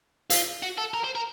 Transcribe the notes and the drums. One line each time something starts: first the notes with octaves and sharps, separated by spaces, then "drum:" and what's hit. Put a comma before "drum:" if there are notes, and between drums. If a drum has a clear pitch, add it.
F4, drum: hi-hat
F#4
A4
A#4
C5
A#4